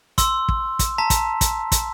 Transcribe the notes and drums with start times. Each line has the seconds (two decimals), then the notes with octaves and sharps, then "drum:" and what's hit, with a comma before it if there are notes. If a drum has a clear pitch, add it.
0.18 C6 E6, drum: kick, hi-hat
0.49 drum: kick
0.79 drum: kick, hi-hat
0.98 A5 A#5 B6
1.10 drum: kick, hi-hat
1.41 drum: kick, hi-hat
1.72 drum: kick, hi-hat